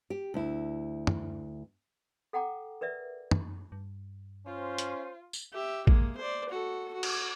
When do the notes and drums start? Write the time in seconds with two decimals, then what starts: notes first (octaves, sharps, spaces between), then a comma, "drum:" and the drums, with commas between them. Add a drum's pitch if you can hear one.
0.10 G4
0.34 D2 E4
1.07 drum: tom
2.33 A4 F#5 G5 A#5 D6
2.81 A#4 B4 D5 E5
3.31 drum: tom
3.72 G2
4.47 C#4 F4 C5
4.78 drum: hi-hat
5.33 drum: tambourine
5.53 G4 E5
5.87 G#3 A#3, drum: kick A1
6.17 C5 D5
6.49 F#4 A4
6.93 F#4
7.03 drum: cymbal